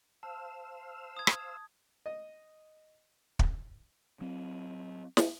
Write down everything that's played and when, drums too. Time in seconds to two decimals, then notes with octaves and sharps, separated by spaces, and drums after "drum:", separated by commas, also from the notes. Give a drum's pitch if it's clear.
0.23 C5 F5 A5 E6
1.17 D#6 G#6
1.27 drum: rim click
2.06 D#5
3.39 drum: kick
4.21 F#3 C4
5.17 drum: snare